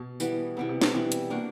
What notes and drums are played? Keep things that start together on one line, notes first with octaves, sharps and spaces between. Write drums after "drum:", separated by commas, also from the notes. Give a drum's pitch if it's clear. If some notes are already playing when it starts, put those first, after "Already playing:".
Already playing: B2
E3 G3 B3, drum: tambourine
C3 E3 G3 B3
C3
B2, drum: snare
E3 G3 B3
drum: hi-hat
C3 A#3 D4 F#4